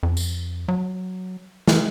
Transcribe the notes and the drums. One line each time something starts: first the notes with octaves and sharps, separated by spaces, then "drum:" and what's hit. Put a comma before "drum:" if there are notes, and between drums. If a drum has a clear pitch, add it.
F2
drum: tambourine
F#3
E3, drum: snare